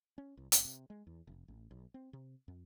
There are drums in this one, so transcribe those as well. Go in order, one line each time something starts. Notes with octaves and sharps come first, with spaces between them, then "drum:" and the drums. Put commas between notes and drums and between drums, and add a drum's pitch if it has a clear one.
C#4
C2
F#1, drum: hi-hat
C3
G#3
E2
F1
A1
B1
C4
C3
F2